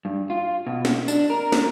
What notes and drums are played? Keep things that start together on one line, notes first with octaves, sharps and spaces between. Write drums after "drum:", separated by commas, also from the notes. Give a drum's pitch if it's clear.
G2
F4
B2
drum: snare
D4, drum: tambourine
A#4
drum: snare